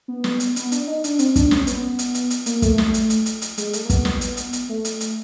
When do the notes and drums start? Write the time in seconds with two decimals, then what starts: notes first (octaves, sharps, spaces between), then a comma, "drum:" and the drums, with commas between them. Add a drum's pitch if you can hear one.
0.08 B3
0.24 drum: snare
0.40 drum: hi-hat
0.56 B3, drum: hi-hat
0.72 D4, drum: hi-hat
0.87 D#4
1.04 D4, drum: hi-hat
1.19 C4, drum: hi-hat
1.36 D4, drum: kick, hi-hat
1.51 C#4, drum: snare
1.67 B3, drum: hi-hat
1.99 drum: hi-hat
2.15 drum: hi-hat
2.30 drum: hi-hat
2.46 A#3, drum: hi-hat
2.62 A3, drum: kick, hi-hat
2.78 drum: snare
2.94 drum: hi-hat
3.10 drum: hi-hat
3.26 drum: hi-hat
3.42 drum: hi-hat
3.58 G#3, drum: hi-hat
3.73 A3, drum: hi-hat
3.85 A#3
3.90 B3, drum: kick, hi-hat
4.05 B3, drum: snare
4.21 drum: hi-hat
4.37 drum: hi-hat
4.53 drum: hi-hat
4.69 A3
4.85 drum: hi-hat
5.01 drum: hi-hat